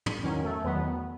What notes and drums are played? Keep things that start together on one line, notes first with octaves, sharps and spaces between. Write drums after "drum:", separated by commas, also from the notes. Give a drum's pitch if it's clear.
drum: tom
E2 D#3 F#3 C#4
A3
E2 D#3 F#3 B3